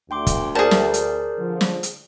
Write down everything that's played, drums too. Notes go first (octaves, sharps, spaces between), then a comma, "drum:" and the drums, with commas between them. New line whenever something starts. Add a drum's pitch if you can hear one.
D2 G5 C6 D6
drum: kick, hi-hat
G#4 A#4 C5 D5 A5
drum: snare
drum: hi-hat
D3 F3
drum: snare
drum: hi-hat